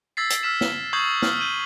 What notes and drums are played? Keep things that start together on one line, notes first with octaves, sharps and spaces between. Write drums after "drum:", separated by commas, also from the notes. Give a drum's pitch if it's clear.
E6 G#6 A6 B6 C7
drum: hi-hat
E6 F6 B6 E7
drum: snare
C#6 D#6 G6 G#6 C7 F#7
F6, drum: snare
G6 D#7 F#7